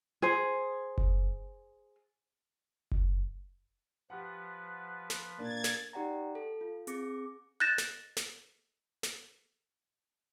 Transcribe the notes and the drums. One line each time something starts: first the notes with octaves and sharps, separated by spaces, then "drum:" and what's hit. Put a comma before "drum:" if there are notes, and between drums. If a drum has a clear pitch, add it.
G#4 C5
drum: kick F#1
drum: kick F#1
F3 G4 B4 F#5
drum: snare
A#2 A#3 D4 G#6 A6
drum: snare
D#4 G4 D5 F#5 G5 A#5
A4
F4
C4 G#4 D6 A#6 C#7, drum: hi-hat
F#6 G6 A6 A#6 E7
drum: snare
drum: snare
drum: snare